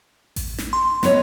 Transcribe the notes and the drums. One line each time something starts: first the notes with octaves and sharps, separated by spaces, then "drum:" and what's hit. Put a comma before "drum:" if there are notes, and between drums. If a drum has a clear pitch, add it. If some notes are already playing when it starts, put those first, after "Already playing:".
drum: kick A1, open hi-hat
drum: snare
C6
B3 C#5 D#5, drum: snare